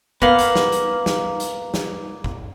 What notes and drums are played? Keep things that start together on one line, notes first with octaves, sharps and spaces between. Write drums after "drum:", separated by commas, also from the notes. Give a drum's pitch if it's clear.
A#3 B3 B4 F5 F#7, drum: kick
drum: hi-hat
drum: snare
drum: hi-hat
drum: snare
drum: hi-hat
drum: snare
drum: kick